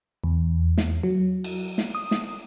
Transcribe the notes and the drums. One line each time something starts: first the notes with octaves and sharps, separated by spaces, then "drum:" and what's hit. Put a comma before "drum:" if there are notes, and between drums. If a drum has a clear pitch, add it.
E2
drum: snare
F#3
drum: cymbal
drum: snare
D#6
drum: snare